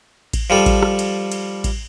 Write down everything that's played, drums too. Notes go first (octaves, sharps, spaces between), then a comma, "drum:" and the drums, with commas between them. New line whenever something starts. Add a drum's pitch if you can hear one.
drum: kick A1, cymbal
F3 G3 A4
drum: kick A1, cymbal
drum: rim click
drum: cymbal
drum: cymbal
drum: kick A1, cymbal